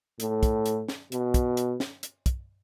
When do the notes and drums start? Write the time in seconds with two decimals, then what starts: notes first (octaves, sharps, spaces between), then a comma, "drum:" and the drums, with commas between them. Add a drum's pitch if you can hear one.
0.20 A2, drum: hi-hat
0.43 drum: kick, hi-hat
0.66 drum: hi-hat
0.88 drum: snare
1.12 B2, drum: hi-hat
1.34 drum: kick, hi-hat
1.57 drum: hi-hat
1.80 drum: snare
2.03 drum: hi-hat
2.26 drum: kick, hi-hat